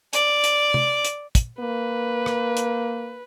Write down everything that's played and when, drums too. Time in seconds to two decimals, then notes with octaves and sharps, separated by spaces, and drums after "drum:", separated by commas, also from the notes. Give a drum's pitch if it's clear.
0.13 D5, drum: hi-hat
0.44 drum: hi-hat
0.74 drum: tom C3
1.05 drum: hi-hat
1.35 drum: kick, hi-hat
1.60 A#3 B4
2.26 drum: rim click
2.57 drum: hi-hat